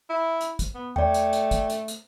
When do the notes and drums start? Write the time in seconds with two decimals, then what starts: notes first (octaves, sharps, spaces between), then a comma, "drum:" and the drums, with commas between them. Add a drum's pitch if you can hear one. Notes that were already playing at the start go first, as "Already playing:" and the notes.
0.10 E4
0.41 drum: hi-hat
0.59 drum: kick, hi-hat
0.74 B3
0.96 A3 D5 G5, drum: tom E2
1.14 drum: hi-hat
1.33 drum: hi-hat
1.51 drum: kick, hi-hat
1.70 drum: hi-hat
1.88 drum: hi-hat